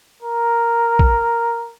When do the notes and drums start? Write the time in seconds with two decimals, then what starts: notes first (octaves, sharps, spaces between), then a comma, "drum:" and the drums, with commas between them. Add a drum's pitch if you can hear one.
0.22 A#4
0.99 drum: kick A#1